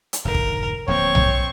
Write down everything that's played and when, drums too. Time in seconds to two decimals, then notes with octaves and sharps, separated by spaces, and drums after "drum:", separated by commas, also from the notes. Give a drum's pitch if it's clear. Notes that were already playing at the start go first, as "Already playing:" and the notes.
0.13 drum: hi-hat
0.25 F1 G#2 D3 A#4
0.34 drum: kick
0.88 D1 F3 A#3 C4 C#5 C#6
1.15 drum: tom B1